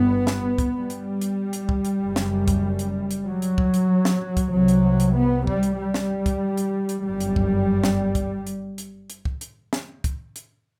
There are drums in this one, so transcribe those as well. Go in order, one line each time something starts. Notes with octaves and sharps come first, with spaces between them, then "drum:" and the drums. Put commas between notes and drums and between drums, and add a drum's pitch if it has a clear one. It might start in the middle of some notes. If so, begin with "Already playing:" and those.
Already playing: G1 G2 B3
drum: snare
drum: kick, hi-hat
G3
drum: hi-hat
drum: hi-hat
drum: hi-hat
drum: kick
drum: hi-hat
F#1 F#2
drum: snare
drum: kick, hi-hat
drum: hi-hat
drum: hi-hat
F#3
drum: hi-hat
drum: kick
drum: hi-hat
drum: snare
drum: kick, hi-hat
C2 C3 F#3
drum: hi-hat
drum: hi-hat
B3
G3, drum: kick
drum: hi-hat
G3
drum: snare
drum: kick, hi-hat
drum: hi-hat
drum: hi-hat
G1 F#2 G3
drum: hi-hat
drum: kick
drum: snare
drum: kick, hi-hat
drum: hi-hat
drum: hi-hat
drum: hi-hat
drum: kick
drum: hi-hat
drum: snare
drum: kick, hi-hat
drum: hi-hat